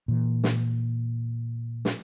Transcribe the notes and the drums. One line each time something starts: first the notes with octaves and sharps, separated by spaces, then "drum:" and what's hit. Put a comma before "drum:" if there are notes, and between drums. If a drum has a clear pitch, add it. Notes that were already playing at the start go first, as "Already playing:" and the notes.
A#2 E3
drum: snare
drum: snare